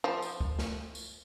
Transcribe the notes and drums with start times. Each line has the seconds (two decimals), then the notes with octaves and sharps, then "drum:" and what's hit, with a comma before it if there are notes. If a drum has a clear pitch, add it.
0.04 F3
0.22 drum: tambourine
0.40 drum: kick C2
0.59 drum: snare
0.95 drum: tambourine